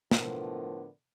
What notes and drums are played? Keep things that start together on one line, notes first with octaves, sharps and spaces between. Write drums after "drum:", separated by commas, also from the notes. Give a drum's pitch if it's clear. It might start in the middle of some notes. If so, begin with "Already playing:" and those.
A2 D3 F3 B3 A#4, drum: snare